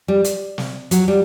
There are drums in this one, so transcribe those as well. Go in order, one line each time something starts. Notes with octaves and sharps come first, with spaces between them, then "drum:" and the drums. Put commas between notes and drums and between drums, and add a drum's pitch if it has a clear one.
G3
drum: hi-hat
drum: snare
F#3, drum: hi-hat
G3